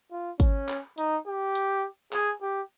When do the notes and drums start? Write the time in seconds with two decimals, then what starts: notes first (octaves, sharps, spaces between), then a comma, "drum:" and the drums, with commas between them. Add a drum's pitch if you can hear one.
0.11 F4
0.40 C#4, drum: kick, hi-hat
0.69 drum: clap
0.98 D#4, drum: hi-hat
1.27 G4
1.55 drum: hi-hat
2.13 G#4, drum: clap
2.42 G4